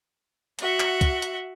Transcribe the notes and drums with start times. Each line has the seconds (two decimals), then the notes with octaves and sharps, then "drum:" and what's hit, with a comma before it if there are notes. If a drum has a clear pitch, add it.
0.59 F#4 E5 F#5, drum: hi-hat
0.80 drum: clap
1.01 drum: kick, hi-hat
1.22 drum: hi-hat